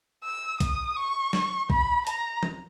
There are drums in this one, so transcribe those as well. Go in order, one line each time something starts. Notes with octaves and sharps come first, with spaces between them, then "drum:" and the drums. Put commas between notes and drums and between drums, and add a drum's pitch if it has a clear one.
E6
D#6, drum: kick B1, hi-hat
C#6
drum: snare
B5, drum: kick B1
A#5, drum: hi-hat
drum: tom E3